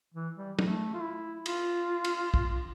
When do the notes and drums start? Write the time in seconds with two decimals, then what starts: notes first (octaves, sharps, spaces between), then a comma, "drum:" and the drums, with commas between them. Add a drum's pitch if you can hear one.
0.14 E3
0.36 G3
0.59 A3, drum: tom
0.93 F4
1.02 E4
1.46 F4, drum: cymbal
2.04 drum: cymbal
2.34 drum: kick